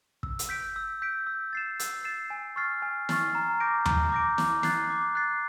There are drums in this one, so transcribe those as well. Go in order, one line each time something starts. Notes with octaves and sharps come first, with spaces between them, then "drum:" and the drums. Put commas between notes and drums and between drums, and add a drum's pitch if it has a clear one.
E6, drum: kick
drum: hi-hat
G6 B6 D7
E6
G6 B6 D7
E6
A6 C7 E7
E6, drum: hi-hat
A6 C7 E7
G#5
C#6 F6 A6 C7
G#5
C#6 F6 A6 C7, drum: snare
A#5
D6 G6 A#6 D7
A#5, drum: tom D#2
D6 G6 A#6 D7
D6, drum: snare
F#6 A6 C7, drum: snare
D6
F#6 A6 C7